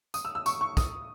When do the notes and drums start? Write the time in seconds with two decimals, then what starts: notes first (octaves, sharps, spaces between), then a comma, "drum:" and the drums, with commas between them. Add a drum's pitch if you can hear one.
0.14 D#6, drum: tambourine
0.25 E6
0.35 E6
0.46 C#6, drum: tambourine
0.61 C#6
0.77 D#6, drum: kick, tambourine